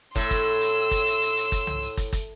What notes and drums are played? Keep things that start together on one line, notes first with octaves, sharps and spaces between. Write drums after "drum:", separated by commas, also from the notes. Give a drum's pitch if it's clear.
A2 C6 E6, drum: kick, hi-hat
drum: kick, hi-hat
drum: hi-hat
drum: kick, hi-hat
drum: hi-hat
drum: hi-hat
drum: hi-hat
drum: kick, hi-hat
drum: tom C2
drum: open hi-hat
drum: kick, hi-hat
drum: kick, hi-hat